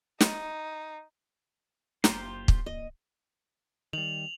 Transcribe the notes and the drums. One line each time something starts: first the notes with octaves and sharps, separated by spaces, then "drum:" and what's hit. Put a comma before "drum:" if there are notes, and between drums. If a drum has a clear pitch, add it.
D#4, drum: snare
F#1 D4 F4 G4 C5 A#5, drum: snare
drum: kick
D#1 D#5
D#3 G3 F7 F#7